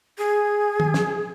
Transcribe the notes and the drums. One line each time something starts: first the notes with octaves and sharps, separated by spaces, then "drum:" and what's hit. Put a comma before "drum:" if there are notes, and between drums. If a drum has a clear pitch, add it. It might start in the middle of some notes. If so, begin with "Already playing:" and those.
G#4
drum: tom
drum: snare